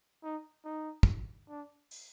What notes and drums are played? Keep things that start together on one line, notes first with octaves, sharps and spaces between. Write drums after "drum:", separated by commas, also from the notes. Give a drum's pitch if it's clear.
D#4
D#4
drum: kick
D4
drum: open hi-hat